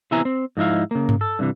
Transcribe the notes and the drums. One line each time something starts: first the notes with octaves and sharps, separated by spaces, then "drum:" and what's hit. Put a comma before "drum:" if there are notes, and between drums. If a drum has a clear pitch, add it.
C3 E3 B3 E4 G#5 A#5
C4
G#2 F3 D#4 E4 F5
C#3 A#3
drum: tom G2
A4
G2 C3 E3